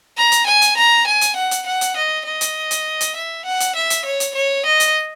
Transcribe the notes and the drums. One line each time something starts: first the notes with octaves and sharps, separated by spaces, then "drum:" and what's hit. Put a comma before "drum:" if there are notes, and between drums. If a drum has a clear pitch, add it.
A#5
drum: hi-hat
G#5
drum: hi-hat
A#5
G#5
drum: hi-hat
F#5
drum: hi-hat
F#5
drum: hi-hat
D#5
D#5
drum: hi-hat
drum: hi-hat
drum: hi-hat
E5
F#5
drum: hi-hat
E5
drum: hi-hat
C#5
drum: hi-hat
C#5
D#5
drum: hi-hat